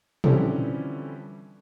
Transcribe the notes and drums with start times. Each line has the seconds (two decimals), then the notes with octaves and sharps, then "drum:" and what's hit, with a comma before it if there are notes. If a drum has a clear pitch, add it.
0.24 D3 E3 F3 G3 C4 C#4, drum: tom